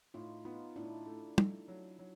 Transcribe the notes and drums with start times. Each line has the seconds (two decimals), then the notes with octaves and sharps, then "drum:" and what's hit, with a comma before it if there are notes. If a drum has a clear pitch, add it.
0.14 A2 D#4 F4
0.45 B3 D#4 F4
0.76 A2 D4 E4
1.06 A3
1.38 A3, drum: tom
1.68 F#3
1.99 F#3